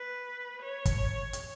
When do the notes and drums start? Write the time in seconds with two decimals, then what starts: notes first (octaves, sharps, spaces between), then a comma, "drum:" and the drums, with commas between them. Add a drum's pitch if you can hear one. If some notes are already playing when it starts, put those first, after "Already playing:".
Already playing: B4
0.62 C#5
0.85 drum: kick, hi-hat
1.33 drum: hi-hat